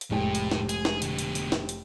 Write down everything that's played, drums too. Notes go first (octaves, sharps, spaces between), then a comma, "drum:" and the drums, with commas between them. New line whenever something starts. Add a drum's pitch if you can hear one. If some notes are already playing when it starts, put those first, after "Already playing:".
drum: hi-hat
F1 A2 G#3 G5
drum: hi-hat
drum: snare
G#4, drum: hi-hat
drum: snare
B2 D3, drum: hi-hat
drum: hi-hat
drum: hi-hat
drum: snare
drum: hi-hat